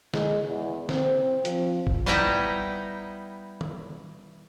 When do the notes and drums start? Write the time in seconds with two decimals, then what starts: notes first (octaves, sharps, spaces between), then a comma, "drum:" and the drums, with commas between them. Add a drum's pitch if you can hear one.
0.14 G#3, drum: snare
0.47 E2
0.89 C4, drum: snare
1.45 F3, drum: hi-hat
1.87 drum: kick
2.06 G3 B3 D#4 E4 G5 A#5
3.61 drum: tom